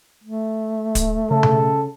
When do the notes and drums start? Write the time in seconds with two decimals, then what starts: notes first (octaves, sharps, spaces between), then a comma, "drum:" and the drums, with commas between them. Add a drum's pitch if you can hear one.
0.23 A3
0.95 drum: kick, hi-hat
1.30 C#3 A4
1.43 drum: tom B2